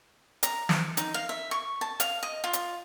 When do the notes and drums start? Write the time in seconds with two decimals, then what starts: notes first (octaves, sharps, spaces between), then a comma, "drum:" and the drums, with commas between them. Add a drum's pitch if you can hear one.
0.43 A#5, drum: hi-hat
0.69 drum: snare
0.97 D#4, drum: hi-hat
1.14 F5
1.29 E5
1.51 C#6
1.81 A5
2.00 F5, drum: hi-hat
2.23 D#5
2.44 F4
2.53 drum: hi-hat